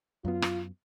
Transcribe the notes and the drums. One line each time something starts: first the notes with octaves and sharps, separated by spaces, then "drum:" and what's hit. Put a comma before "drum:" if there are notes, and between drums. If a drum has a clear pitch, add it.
F#2 F#3 B3 F4
drum: rim click